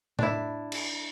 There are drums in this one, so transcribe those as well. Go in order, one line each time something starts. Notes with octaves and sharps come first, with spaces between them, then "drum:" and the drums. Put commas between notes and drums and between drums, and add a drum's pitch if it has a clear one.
D4 E4, drum: tom A2
drum: cymbal